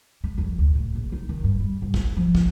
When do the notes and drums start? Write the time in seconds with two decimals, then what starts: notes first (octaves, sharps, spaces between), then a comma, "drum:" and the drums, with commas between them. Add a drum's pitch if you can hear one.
0.24 G#3
0.38 F2
0.58 D2
0.75 A2
0.95 A#1
1.12 D#4
1.29 D#3
1.44 G2
1.60 G3
1.82 G#2
1.94 drum: kick
2.17 F3
2.35 drum: kick